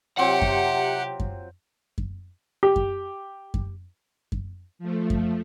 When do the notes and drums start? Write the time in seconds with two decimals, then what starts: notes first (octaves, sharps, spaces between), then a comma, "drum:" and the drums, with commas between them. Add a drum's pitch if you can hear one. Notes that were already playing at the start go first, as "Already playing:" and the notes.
0.18 C3 F#3 C4 F4 G4 F#5
0.42 drum: kick F#2
1.20 drum: kick F#2
1.98 drum: kick F#2
2.63 G4
2.76 drum: kick F#2
3.54 drum: kick F#2
4.32 drum: kick F#2
4.79 F3 A3
5.10 drum: kick F#2